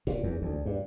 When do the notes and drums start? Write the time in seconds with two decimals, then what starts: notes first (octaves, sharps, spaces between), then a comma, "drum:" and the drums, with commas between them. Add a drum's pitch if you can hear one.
0.07 A#2, drum: kick, hi-hat
0.23 E2
0.42 D2
0.66 G2